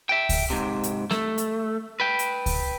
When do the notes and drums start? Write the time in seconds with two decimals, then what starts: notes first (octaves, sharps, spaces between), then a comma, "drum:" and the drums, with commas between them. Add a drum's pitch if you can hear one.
0.09 E5 G5
0.29 drum: kick C#2, open hi-hat
0.50 G#2 C3
0.84 drum: hi-hat
1.11 A3, drum: snare
1.38 drum: hi-hat
2.00 B4 G5
2.19 drum: hi-hat
2.46 drum: kick C#2, open hi-hat